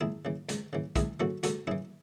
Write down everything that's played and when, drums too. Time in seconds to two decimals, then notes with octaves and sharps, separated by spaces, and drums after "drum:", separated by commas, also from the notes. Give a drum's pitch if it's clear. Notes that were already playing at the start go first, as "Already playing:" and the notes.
0.01 C#2 E4 G#4
0.25 C#3 E3
0.49 C#2, drum: hi-hat
0.73 C#3 E3
0.96 C#2 E4 G#4, drum: kick, hi-hat
1.20 C#3 E3 F#4 A4
1.43 C#2 F#4 A4, drum: hi-hat
1.67 C#3 E3 E4 G#4